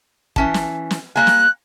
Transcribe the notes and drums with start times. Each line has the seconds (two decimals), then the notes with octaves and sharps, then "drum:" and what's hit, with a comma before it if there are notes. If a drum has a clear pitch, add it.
0.36 E3 C#4 A5, drum: kick
0.54 drum: snare
0.91 drum: snare
1.16 G3 A#3 G#5 F#6
1.27 drum: snare